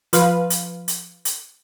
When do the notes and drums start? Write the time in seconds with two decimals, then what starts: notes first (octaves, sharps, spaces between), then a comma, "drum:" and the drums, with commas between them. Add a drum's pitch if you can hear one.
0.13 F3 B4 F5, drum: hi-hat
0.50 drum: hi-hat
0.88 drum: hi-hat
1.25 drum: hi-hat